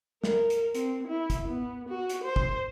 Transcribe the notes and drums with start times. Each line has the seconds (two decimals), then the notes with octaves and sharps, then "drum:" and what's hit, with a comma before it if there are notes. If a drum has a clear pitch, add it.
0.24 A#4, drum: snare
0.50 drum: hi-hat
0.75 C4, drum: hi-hat
1.08 E4
1.30 drum: kick, hi-hat
1.48 B3
1.89 F#4
2.10 drum: hi-hat
2.24 C5
2.36 drum: kick